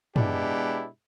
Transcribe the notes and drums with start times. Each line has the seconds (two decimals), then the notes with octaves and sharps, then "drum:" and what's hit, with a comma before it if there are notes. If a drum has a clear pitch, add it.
0.16 B2 G#3 D4 E4 G4, drum: tom